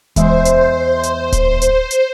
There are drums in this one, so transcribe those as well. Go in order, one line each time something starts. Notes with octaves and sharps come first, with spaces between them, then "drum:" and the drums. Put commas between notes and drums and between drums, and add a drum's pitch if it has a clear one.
E2 G#3 C5 E5, drum: kick D1, hi-hat
drum: hi-hat
drum: hi-hat
drum: kick D1, hi-hat
drum: hi-hat
drum: hi-hat